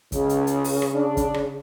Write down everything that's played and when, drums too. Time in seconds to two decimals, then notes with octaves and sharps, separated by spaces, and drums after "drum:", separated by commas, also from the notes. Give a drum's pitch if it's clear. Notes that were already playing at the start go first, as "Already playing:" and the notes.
0.12 C#2 C#3, drum: kick, hi-hat
0.29 drum: hi-hat
0.47 drum: hi-hat
0.64 drum: open hi-hat
0.82 drum: rim click
0.94 D4
1.17 drum: kick, hi-hat
1.34 drum: rim click